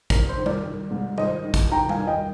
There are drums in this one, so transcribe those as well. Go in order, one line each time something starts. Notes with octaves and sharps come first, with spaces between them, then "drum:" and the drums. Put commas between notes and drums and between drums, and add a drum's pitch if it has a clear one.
D#3 A#4, drum: kick, hi-hat
C5
D#3
A#4 D5, drum: tom G3
D#3
G#2
D#3 C5 D#5, drum: tom G3
D#3
drum: kick, hi-hat
D#3 G5 A#5
F5 G#5, drum: tom G3
D#3
D#5 G5